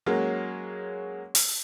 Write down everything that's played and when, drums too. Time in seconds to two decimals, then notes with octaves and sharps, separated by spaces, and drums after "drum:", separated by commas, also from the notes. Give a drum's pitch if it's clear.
0.06 F#3 G#3 A#3 C#4
1.35 drum: open hi-hat